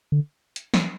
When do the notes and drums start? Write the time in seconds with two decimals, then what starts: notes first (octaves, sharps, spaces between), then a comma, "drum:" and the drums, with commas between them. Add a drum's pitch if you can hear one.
0.12 D3
0.56 drum: hi-hat
0.74 drum: snare